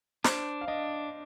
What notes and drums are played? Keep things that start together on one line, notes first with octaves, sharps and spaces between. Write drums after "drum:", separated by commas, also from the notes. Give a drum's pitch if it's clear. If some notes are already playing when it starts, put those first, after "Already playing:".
D4 C5, drum: snare
F5
D4 D#5